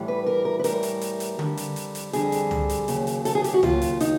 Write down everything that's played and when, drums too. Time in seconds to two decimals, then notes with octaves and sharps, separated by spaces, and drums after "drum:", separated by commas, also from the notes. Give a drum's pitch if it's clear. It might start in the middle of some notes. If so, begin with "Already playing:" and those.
Already playing: A2 E3 G3
0.08 B4
0.26 A#4
0.45 A#4
0.59 B4
0.64 A2 E3 G3 A#4, drum: hi-hat
0.83 drum: hi-hat
1.01 drum: hi-hat
1.20 drum: hi-hat
1.39 F2 D3 G3, drum: tom D3
1.57 drum: hi-hat
1.76 drum: hi-hat
1.95 drum: hi-hat
2.13 F2 D3 G3 G#4, drum: hi-hat
2.32 drum: hi-hat
2.51 drum: tom
2.70 drum: hi-hat
2.88 D#2 C#3 F#3, drum: hi-hat
3.07 drum: hi-hat
3.25 A4, drum: hi-hat
3.35 G#4
3.44 G4, drum: hi-hat
3.54 F#4
3.63 D#2 C#3 F#3 F4, drum: tom
3.82 drum: hi-hat
4.00 D#4, drum: hi-hat